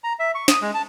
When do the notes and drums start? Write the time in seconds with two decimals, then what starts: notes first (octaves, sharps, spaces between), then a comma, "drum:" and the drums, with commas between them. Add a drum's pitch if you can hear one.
0.04 A#5
0.19 E5
0.35 C#6
0.48 D#6, drum: snare
0.62 G#3
0.74 A5